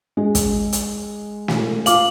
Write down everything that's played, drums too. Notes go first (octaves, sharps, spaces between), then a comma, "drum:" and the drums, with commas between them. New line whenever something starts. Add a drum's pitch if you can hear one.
G#3
drum: kick, hi-hat
drum: hi-hat
drum: snare
F4 F5 D6 F#7, drum: hi-hat